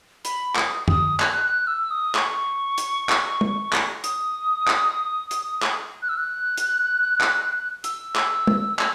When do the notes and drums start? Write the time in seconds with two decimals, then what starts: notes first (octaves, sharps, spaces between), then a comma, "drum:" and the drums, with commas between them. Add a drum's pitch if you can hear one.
0.25 B5, drum: hi-hat
0.56 D#6, drum: clap
0.88 D#6, drum: tom
1.20 F#6, drum: clap
1.44 F#6
1.67 E6
1.91 D#6
2.15 C#6, drum: clap
2.78 drum: hi-hat
3.09 drum: clap
3.41 drum: tom
3.73 drum: clap
4.04 D#6, drum: hi-hat
4.68 drum: clap
5.31 drum: hi-hat
5.63 drum: clap
6.02 F#6
6.09 E6
6.18 F#6
6.58 drum: hi-hat
7.21 drum: clap
7.84 E6, drum: hi-hat
8.16 drum: clap
8.47 drum: tom
8.79 drum: clap